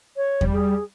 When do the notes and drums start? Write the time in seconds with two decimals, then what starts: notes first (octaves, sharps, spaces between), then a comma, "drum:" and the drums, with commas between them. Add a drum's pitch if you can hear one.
0.17 C#5
0.41 G3, drum: kick E2
0.53 G#4